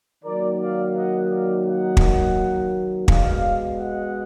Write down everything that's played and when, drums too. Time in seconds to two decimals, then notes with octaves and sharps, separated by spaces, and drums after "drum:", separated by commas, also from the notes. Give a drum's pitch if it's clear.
0.24 D#3 F#3 A#3 A#4 D5
0.60 D5 F5
0.95 D#5 F#5
1.31 D5 F5
1.66 D#5 F#5
1.97 drum: kick
3.08 B2 G#3 D5 F5, drum: kick
3.78 D#5 F#5